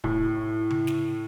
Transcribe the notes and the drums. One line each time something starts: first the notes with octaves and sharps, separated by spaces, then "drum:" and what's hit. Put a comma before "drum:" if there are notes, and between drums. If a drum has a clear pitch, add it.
A2, drum: kick
drum: tom C#3
drum: snare